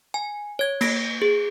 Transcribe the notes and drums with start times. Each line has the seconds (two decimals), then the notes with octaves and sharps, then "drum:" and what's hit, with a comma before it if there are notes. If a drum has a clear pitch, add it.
0.14 G#5
0.59 C#5 G#6
0.81 A#3 A#6 D7, drum: cymbal
1.22 G#4